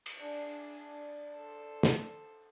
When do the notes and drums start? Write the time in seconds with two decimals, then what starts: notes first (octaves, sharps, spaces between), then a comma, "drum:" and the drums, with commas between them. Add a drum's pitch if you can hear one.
0.06 drum: cymbal
0.18 D4 G#4 D5 A5
1.34 A4 C5
1.83 drum: snare